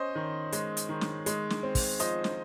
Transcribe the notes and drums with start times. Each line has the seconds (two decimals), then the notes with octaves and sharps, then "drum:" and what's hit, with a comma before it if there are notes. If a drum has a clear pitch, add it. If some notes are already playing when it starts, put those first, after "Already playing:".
Already playing: C#4 C5 D#5
0.15 D#3
0.52 G#3, drum: hi-hat
0.77 drum: hi-hat
0.89 D#3
1.01 drum: snare
1.26 G#3, drum: hi-hat
1.50 drum: snare
1.63 C4
1.75 drum: kick, open hi-hat
1.99 F3 C5 D#5, drum: hi-hat
2.24 drum: snare